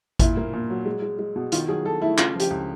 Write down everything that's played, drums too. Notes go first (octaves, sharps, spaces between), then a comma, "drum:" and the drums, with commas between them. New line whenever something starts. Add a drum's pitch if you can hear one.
A#2 E4, drum: kick G#1, hi-hat
A#3
A#2
F#3
G#3
G#3
G#3
B2
D#3 F4, drum: hi-hat
F#3 G#4
F#3 A4
A3 E4
C#3 F4, drum: clap
F3
G4, drum: hi-hat
C#2